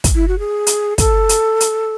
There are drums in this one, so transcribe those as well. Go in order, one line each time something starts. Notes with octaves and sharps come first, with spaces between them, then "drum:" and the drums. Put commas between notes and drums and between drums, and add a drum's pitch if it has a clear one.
drum: kick, hi-hat
E4
F#4
G#4
drum: hi-hat
A4, drum: kick, hi-hat
drum: hi-hat
drum: hi-hat